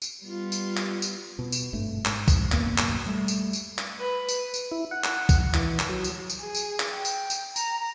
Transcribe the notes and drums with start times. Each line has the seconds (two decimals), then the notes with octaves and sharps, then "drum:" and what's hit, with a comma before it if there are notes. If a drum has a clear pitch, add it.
0.02 drum: tambourine
0.24 G3 B3 F4
0.52 drum: tambourine
0.77 drum: clap
1.02 drum: tambourine
1.39 B2
1.52 drum: tambourine
1.73 G#1 G2 A3
2.05 G#2, drum: clap
2.28 drum: kick B1, tambourine
2.52 D1 F#2 B2 A#3, drum: clap
2.78 drum: clap
3.06 G3 A3
3.28 drum: tambourine
3.53 drum: tambourine
3.78 drum: clap
3.99 B4
4.29 drum: tambourine
4.54 drum: tambourine
4.71 E4
4.91 F#5
5.04 drum: clap
5.29 drum: kick B1, tambourine
5.54 E3, drum: clap
5.79 drum: clap
5.89 F#3
6.04 drum: tambourine
6.29 drum: tambourine
6.40 G#4
6.55 drum: tambourine
6.80 drum: clap
6.91 G5
7.05 drum: tambourine
7.30 drum: tambourine
7.56 A#5, drum: tambourine